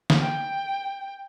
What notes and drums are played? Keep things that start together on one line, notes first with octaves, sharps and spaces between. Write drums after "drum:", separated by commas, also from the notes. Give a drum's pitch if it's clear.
drum: snare
G5